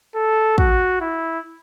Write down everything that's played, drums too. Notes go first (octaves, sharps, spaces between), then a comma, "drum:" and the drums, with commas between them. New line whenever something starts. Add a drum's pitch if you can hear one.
A4
F#4, drum: kick
E4